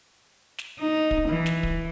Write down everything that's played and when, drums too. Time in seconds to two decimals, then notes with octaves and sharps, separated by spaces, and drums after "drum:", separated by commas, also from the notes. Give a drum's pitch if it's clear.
0.58 drum: snare
0.79 D#4
1.11 drum: kick
1.28 E3
1.46 drum: snare
1.63 drum: kick